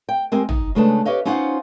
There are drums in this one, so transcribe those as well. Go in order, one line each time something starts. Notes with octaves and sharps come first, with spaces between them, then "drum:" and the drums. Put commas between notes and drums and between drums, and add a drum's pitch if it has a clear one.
G5
G#3 C4 G4 A#4 G5 G#5
D#4, drum: tom
C#3 G#3 A3 D4 B4 A5
G4 B4 C#5 D#5 F5
C#4 D#4 F4 C5 F5 F#5